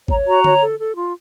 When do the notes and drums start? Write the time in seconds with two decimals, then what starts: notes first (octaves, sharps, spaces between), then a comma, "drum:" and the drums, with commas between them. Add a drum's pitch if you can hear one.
0.08 C#5 A#5, drum: kick G#1
0.26 F#4 A#5
0.44 C#5, drum: tom D3
0.61 A4
0.79 A4
0.96 F4